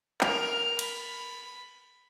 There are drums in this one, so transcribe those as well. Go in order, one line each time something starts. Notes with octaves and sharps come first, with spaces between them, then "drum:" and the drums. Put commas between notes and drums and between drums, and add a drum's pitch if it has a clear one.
A#4 F6, drum: clap
B5, drum: cymbal